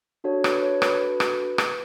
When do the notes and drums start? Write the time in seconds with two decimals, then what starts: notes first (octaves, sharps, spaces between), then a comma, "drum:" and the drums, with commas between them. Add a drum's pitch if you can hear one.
0.24 D4 F#4 A4 C#5
0.44 B4, drum: rim click
0.63 C#5
0.82 B4, drum: rim click
1.01 B4
1.20 drum: rim click
1.58 drum: rim click